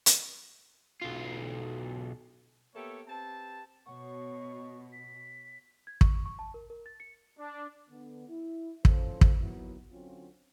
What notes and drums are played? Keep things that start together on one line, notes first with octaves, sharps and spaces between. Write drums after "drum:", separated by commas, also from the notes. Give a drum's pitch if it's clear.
drum: hi-hat
B1 F4
A#3 B3 G4 A4 C#5 E5
C4 G4 B4 A5
B2 C#5 F#5 C#6
B6
G#6
C#6, drum: kick
C#6
A5
A#4
A#4
A6
C#7
D4
D3 B3
E4
A2 F3 C#4 F4 A4 C5, drum: kick
drum: kick
D#2 F#3 B3 E4
D3 F#3 C4 C#4 F4